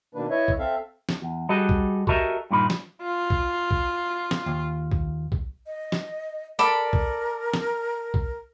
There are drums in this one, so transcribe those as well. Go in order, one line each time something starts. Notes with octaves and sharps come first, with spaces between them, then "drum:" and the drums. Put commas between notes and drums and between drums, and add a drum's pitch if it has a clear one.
B2 D#3 A#3 D4 B4
E4 B4 C#5 D#5 E5
drum: kick
C4 A4 E5 F5
drum: snare
E2
G3 F#4 G#4 A4 D#5
drum: kick
F#4 G4 A4 A#4 D#5 E5, drum: kick
G2 A#2 D#3 D#4 B5
drum: snare
F4
drum: kick
drum: kick
drum: snare
D#2
drum: kick
drum: kick
D#5
drum: snare
A4 A#4 D5 B5
drum: kick
drum: snare
drum: kick